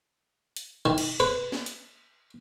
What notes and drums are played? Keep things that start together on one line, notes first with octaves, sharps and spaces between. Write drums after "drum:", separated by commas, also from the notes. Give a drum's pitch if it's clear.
drum: hi-hat
D#3
drum: cymbal
B4
drum: snare
drum: hi-hat